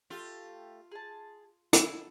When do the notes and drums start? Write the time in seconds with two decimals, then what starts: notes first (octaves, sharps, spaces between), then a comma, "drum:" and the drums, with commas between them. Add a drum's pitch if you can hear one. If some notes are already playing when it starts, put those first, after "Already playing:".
0.10 A3 F4 G4 F5
0.91 G#4 A5
1.73 E4 A4, drum: hi-hat